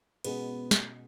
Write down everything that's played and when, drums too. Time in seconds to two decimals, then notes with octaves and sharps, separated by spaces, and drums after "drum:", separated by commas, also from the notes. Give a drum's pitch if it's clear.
0.24 B2 G#3 B3 C#4 G#4, drum: cymbal
0.71 drum: snare